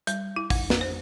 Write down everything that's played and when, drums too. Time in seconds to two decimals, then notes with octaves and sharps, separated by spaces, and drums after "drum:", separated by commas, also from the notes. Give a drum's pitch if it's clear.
0.07 G3, drum: hi-hat
0.36 E4
0.50 F2, drum: kick, open hi-hat
0.70 drum: snare
0.81 C5